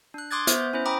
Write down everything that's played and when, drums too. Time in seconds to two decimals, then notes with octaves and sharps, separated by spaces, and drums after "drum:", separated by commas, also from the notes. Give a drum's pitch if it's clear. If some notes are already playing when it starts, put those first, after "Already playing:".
0.14 D4 F#6
0.31 C6 D6 D#6 F#6 G#6 A6
0.47 B3 C5 E5 G6, drum: hi-hat
0.73 C#4 E4 C5
0.86 G5 A#5 B5 D6 D#6